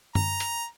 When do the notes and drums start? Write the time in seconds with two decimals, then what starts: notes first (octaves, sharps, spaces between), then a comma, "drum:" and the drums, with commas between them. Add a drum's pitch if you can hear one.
0.15 A#5, drum: tom G2
0.40 drum: hi-hat